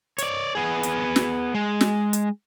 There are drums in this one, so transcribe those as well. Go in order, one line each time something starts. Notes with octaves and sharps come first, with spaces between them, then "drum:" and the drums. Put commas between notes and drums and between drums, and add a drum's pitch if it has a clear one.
C#5 D5, drum: hi-hat
B3 G#4
drum: hi-hat
drum: snare
G#3
drum: snare
drum: hi-hat